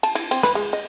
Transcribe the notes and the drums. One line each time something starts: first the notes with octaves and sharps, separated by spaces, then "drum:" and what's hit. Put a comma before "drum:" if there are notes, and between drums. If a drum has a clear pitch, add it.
A5, drum: cymbal
E4, drum: cymbal
C4, drum: cymbal
B4, drum: rim click
G#3
D#5